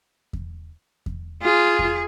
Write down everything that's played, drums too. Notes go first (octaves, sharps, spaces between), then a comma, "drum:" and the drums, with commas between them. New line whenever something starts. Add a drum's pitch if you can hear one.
drum: kick E2
drum: kick E2
F4 G#4
drum: kick E2